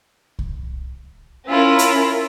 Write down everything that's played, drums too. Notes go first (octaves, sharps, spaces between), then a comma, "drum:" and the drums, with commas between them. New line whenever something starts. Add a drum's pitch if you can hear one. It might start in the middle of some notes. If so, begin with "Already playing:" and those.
drum: kick C2
C#4 E4 F4 A#4
drum: hi-hat